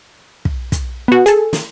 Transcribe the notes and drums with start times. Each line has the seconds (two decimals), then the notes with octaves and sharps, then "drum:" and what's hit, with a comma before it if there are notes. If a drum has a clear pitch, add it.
0.45 drum: kick
0.72 drum: kick, hi-hat
1.08 B3 F#4
1.26 G#4 A4, drum: hi-hat
1.53 drum: snare